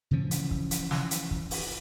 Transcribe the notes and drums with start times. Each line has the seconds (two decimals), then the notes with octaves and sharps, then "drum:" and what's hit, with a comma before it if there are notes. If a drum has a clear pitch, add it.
0.11 C#3 E3 F3 C#4
0.31 drum: hi-hat
0.51 drum: kick
0.71 drum: hi-hat
0.91 drum: snare
1.11 drum: hi-hat
1.31 drum: kick
1.51 drum: open hi-hat